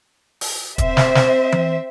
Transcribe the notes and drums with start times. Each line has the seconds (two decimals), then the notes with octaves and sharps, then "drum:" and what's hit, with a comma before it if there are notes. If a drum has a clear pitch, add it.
0.41 drum: open hi-hat
0.78 C4 C5 E5, drum: kick, hi-hat
0.97 drum: snare
1.15 drum: snare
1.52 drum: tom E3